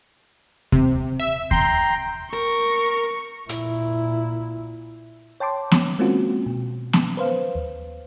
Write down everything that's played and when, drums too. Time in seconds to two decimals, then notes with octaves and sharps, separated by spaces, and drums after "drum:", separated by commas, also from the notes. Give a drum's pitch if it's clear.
0.72 C3, drum: kick D#2
1.20 E5
1.51 G5 A#5 C6, drum: kick D#2
2.33 A#4 C#6
3.49 A#2 E4, drum: hi-hat
5.40 C#5 G5 A5 C6 D6
5.71 D#3, drum: snare B3
5.99 G#3 A#3 C4 C#4 F4 F#4
6.46 B2
6.93 drum: snare B3
7.17 B4 C5 F5
7.55 D#2